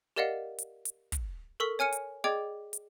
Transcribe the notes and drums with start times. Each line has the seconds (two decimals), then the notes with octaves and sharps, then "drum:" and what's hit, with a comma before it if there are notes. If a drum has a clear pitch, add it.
0.16 G4 A#4 D5 D#5 F5 F#5
0.58 drum: hi-hat
0.85 drum: hi-hat
1.12 drum: kick, hi-hat
1.60 A4 A#4 C#6 E6 B6
1.79 C#5 G#5 F6 C#7 D#7
1.92 drum: hi-hat
2.24 G#4 D5 D#5 G5 D6 G#6
2.73 drum: hi-hat